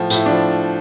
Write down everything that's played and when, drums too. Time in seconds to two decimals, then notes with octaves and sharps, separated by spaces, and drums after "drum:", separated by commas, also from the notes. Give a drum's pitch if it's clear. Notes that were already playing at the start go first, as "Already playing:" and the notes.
Already playing: A2 F3
0.10 A2 E4, drum: tambourine
0.26 F3 D4